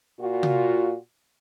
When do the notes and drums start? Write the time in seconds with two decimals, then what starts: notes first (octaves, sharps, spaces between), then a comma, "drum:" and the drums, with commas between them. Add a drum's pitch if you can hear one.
0.18 A#2 F4 F#4
0.43 drum: tom C3